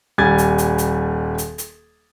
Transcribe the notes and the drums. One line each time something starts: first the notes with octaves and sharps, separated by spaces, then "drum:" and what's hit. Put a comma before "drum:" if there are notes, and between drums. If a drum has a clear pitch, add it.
D#1 G3 G#5 G#6 A6
drum: hi-hat
drum: hi-hat
drum: hi-hat
drum: hi-hat
drum: hi-hat